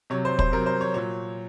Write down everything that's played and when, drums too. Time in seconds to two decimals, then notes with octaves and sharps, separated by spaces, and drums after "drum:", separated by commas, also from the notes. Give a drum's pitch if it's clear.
0.10 C3 F#3 C#5
0.25 C5
0.39 C5, drum: kick
0.52 C3 F#3 A#4
0.66 C5
0.81 C#5
0.94 A#2 F#3 C#5